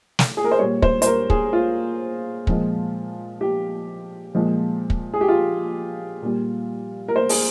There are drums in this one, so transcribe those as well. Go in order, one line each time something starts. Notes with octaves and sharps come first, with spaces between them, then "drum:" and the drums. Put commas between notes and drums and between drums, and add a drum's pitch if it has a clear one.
drum: snare
G#4
A#4
C5
A#2 G3 C#5
C5, drum: kick
C5, drum: hi-hat
A#4
G#4, drum: kick
F4
A#2 F3 G#3, drum: kick
G4
A#2 F3 G#3
drum: kick
G#4
G4
F4
A#2 G3
A#4
C5
G#4, drum: open hi-hat